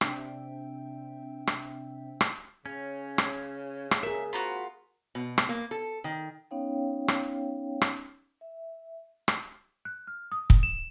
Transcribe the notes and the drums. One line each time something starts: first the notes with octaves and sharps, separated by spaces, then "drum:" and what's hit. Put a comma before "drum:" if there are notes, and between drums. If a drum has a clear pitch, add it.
C3 C4 D4 E5 G5, drum: rim click
drum: rim click
drum: rim click
C#3 C#4
drum: rim click
drum: rim click
G#4 A#4 E5
C4 F4 F#4 A#5 B5
B2
drum: rim click
A#3
A4
D#3
B3 C#4 D#4 C#5 F5 G5
drum: rim click
drum: rim click
E5
drum: rim click
F#6
F6
D#6
drum: kick
E7